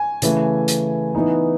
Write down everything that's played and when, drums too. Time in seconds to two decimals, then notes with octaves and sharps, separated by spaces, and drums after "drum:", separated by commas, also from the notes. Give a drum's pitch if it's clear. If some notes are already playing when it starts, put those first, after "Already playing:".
Already playing: G#5
0.22 C#3 E3 A3, drum: hi-hat
0.68 drum: hi-hat
1.15 E3 B3 D#4